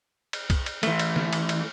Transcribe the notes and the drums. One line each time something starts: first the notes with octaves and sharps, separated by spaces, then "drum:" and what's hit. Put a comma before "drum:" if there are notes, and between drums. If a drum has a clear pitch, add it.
drum: cymbal
drum: kick, cymbal
drum: cymbal
E3 A3, drum: cymbal
drum: cymbal
drum: snare
drum: cymbal
drum: cymbal